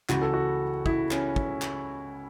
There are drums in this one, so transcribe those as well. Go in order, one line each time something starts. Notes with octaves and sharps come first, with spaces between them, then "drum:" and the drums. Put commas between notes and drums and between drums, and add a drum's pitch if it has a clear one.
C#2 C#3 E3 F#4, drum: clap
A4
F#4
E4, drum: kick
C#4, drum: clap
drum: kick
drum: clap